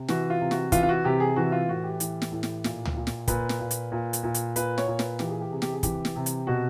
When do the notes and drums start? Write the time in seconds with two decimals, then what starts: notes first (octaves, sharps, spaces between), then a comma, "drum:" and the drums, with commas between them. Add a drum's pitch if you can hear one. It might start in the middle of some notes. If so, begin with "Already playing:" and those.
Already playing: C3
0.08 E3 F#4, drum: snare
0.30 F4
0.40 C3
0.51 F#4, drum: snare
0.72 E3 F4, drum: kick, hi-hat
0.83 F4
0.89 F#4
1.04 C3 G4
1.20 G#4
1.36 E3 F#4
1.52 F4
1.68 A2 F#4
1.84 G4
2.00 E3, drum: hi-hat
2.22 drum: snare
2.32 A2
2.43 drum: snare
2.64 A#2, drum: snare
2.85 drum: tom C#2
2.96 A#2
3.07 drum: snare
3.28 A#2 B4, drum: kick, hi-hat
3.49 drum: snare
3.60 A#2
3.71 drum: hi-hat
3.92 A#2
4.13 drum: hi-hat
4.23 A#2
4.34 drum: hi-hat
4.56 A#2 B4, drum: hi-hat
4.78 C#5, drum: snare
4.87 A#2
4.99 B4, drum: snare
5.19 E3 G4, drum: snare
5.30 G#4
5.41 G4
5.51 C3 G#4
5.62 G4, drum: snare
5.73 G#4
5.83 E3 G4, drum: kick, hi-hat
6.05 drum: snare
6.16 C3
6.26 drum: hi-hat
6.47 B2 F#4